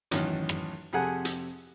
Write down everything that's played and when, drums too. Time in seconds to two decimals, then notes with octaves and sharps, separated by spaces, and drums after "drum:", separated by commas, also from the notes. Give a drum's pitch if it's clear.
0.11 A1 F#2 D#3, drum: hi-hat
0.49 drum: rim click
0.93 F2 C3 G#4 A4 F#5 G#5
1.25 drum: hi-hat